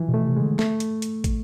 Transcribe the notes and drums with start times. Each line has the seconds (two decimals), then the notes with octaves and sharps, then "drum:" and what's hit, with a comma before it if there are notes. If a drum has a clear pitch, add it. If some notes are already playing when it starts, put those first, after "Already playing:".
Already playing: E3 F3
0.08 B2
0.14 A3
0.26 C3
0.36 D3 G#3
0.59 A3, drum: snare
0.80 drum: hi-hat
1.02 drum: hi-hat
1.24 drum: kick, hi-hat